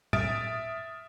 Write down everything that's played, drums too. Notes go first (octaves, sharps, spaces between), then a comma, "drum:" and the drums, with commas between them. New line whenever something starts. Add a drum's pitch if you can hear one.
E5 D#6 F6 A6 D7, drum: tom